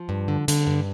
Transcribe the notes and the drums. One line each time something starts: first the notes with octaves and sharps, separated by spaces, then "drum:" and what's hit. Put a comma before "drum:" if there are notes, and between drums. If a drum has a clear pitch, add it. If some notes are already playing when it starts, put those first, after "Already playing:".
Already playing: F3
G2
D3
D3, drum: hi-hat
G2